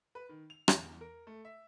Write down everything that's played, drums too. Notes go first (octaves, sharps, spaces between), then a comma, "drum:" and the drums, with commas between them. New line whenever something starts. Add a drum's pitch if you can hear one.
B4
D#3
F7
E2, drum: rim click
E2
A#4
A3
E5